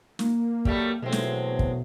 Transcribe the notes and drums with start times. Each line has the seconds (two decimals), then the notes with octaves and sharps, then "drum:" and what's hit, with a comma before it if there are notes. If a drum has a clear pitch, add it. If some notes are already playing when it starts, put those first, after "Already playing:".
0.19 A#3, drum: snare
0.65 F#3 G3 A3, drum: kick
1.02 B2 E3 F#3 G#3 A3 C4
1.12 drum: snare
1.59 drum: kick